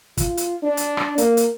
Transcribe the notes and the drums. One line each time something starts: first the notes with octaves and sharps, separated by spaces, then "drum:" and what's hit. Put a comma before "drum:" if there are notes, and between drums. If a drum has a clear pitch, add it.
F4, drum: kick, hi-hat
drum: hi-hat
D4
drum: hi-hat
drum: rim click
A#3, drum: hi-hat
drum: hi-hat